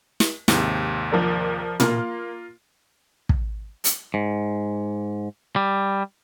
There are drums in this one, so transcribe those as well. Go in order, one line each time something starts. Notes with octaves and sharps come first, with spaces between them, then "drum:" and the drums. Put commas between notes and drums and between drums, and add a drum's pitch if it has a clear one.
drum: snare
D#2 G#2 C3, drum: snare
F3 A#4 D5
A#3 F4 A#4 F6, drum: tom
drum: kick
drum: hi-hat
G#2
G3